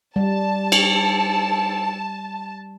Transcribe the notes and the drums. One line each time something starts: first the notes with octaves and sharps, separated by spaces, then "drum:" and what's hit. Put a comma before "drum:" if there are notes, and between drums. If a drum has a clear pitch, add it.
G3 A5
drum: cymbal